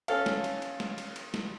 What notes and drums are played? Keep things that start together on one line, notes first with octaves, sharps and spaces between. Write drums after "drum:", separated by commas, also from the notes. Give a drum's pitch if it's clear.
C#4 A4 F5, drum: cymbal
drum: snare
drum: cymbal
drum: cymbal
drum: snare
drum: cymbal
drum: cymbal
drum: snare